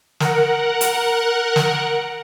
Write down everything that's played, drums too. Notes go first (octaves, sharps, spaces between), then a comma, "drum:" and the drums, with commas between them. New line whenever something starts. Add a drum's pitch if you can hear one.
A#4 F#5, drum: snare
drum: hi-hat
drum: snare